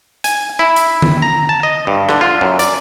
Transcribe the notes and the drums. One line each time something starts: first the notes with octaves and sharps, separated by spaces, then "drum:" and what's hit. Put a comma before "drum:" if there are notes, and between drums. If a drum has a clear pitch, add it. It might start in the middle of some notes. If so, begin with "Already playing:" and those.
G#5, drum: hi-hat
E4
drum: hi-hat
drum: tom D3
A#5
A5
D#5
G2
D3, drum: rim click
F4
F#2
D5, drum: hi-hat